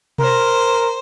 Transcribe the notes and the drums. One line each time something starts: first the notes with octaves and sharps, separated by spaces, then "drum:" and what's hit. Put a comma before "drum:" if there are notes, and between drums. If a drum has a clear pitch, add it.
A#4 C5, drum: tom B2